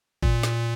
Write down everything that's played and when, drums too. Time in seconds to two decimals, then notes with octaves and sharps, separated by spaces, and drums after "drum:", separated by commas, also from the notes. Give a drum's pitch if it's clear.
0.23 A#2, drum: kick G#1
0.43 drum: snare